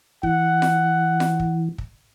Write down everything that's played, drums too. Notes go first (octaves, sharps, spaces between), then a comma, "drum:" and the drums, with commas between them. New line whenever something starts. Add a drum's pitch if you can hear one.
E3 F#5, drum: kick
drum: snare F4
drum: snare F4
drum: kick
drum: kick